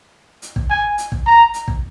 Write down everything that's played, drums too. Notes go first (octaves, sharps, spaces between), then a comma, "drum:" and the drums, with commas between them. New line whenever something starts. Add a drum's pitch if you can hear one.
drum: hi-hat
drum: kick
G#5
drum: hi-hat
drum: kick
A#5
drum: hi-hat
drum: kick